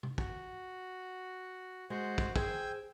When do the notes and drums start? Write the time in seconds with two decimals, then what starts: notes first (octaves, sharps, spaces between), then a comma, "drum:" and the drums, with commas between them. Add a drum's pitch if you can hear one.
0.03 drum: tom C3
0.18 F#4, drum: kick
1.90 G#3 F#4 C5
2.18 drum: kick
2.36 G#4 C5 G5 G#5 E6, drum: kick